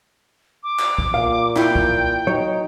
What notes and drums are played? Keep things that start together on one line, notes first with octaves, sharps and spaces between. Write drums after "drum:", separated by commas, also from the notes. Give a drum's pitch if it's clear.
D6
drum: clap
drum: kick
A#2 F5
E4 G5, drum: clap
drum: kick
F#3 D#4 C#5